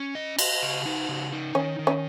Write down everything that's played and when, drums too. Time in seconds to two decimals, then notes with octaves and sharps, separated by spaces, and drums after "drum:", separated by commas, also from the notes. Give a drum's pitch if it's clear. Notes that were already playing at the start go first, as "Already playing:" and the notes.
Already playing: C#4
0.15 D#5
0.39 D#5, drum: cymbal
0.62 C#3
0.86 D#4
1.09 C#3
1.32 D#4
1.55 D#3 C#4
1.79 D#3
1.87 C#4